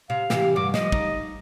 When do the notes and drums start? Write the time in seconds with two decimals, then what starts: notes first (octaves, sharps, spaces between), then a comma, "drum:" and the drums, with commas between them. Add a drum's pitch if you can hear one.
0.10 C3 F5
0.30 C3 E3 G4, drum: snare
0.56 G2 F#4 D6
0.74 F3 D#5, drum: snare
0.92 D#4, drum: kick